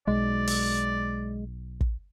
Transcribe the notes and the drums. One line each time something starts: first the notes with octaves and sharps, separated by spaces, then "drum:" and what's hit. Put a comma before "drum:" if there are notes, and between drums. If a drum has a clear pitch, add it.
B1 G#3 D5
drum: open hi-hat
drum: kick